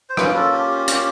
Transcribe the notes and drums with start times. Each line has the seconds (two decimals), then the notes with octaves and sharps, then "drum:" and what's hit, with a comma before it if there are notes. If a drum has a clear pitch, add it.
0.10 C5
0.17 A#3 C#4 F4 B4, drum: rim click
0.35 A4
0.53 G4
0.71 G4
0.88 G4, drum: hi-hat